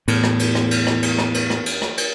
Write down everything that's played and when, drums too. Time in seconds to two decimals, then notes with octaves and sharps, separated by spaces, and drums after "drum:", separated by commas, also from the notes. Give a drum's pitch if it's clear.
0.08 E2 A2, drum: cymbal
0.24 drum: rim click
0.39 drum: cymbal
0.55 drum: rim click
0.71 drum: cymbal
0.87 drum: rim click
1.03 drum: cymbal
1.18 drum: rim click
1.34 drum: cymbal
1.50 drum: rim click
1.66 drum: cymbal
1.82 drum: rim click
1.98 drum: cymbal